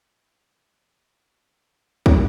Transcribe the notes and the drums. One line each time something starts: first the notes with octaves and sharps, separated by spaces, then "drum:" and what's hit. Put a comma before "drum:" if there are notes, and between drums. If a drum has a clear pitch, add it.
B3 E4 F4 A5 A#5
G#3 D5 E5
A4 C#5 E5 G5 A#5
drum: kick